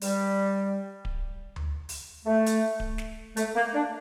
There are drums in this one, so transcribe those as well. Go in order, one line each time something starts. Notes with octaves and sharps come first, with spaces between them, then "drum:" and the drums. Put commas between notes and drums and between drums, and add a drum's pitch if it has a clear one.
G3, drum: open hi-hat
drum: kick D1
drum: tom D2
drum: open hi-hat
A3
drum: hi-hat
drum: kick D1
drum: snare
A3, drum: hi-hat
A#3
D4